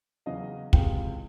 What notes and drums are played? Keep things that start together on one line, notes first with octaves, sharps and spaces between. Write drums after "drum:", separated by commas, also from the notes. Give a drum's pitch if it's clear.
E2 C#3 F#3 D#5 F5
C#2 C3 E3 G#3 F5 G5, drum: kick